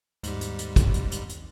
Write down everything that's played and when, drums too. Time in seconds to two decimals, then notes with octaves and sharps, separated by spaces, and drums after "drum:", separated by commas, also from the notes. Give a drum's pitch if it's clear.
0.23 D#2 G#2 G3, drum: hi-hat
0.41 drum: hi-hat
0.59 drum: hi-hat
0.76 drum: kick, hi-hat
0.94 drum: hi-hat
1.12 drum: hi-hat
1.29 drum: hi-hat